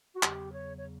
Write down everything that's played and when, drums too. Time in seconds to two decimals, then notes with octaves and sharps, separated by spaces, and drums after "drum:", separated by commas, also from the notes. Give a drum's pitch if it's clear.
0.16 F#4
0.23 E2 C#3 F#3 G4, drum: clap
0.53 C#5
0.78 C#5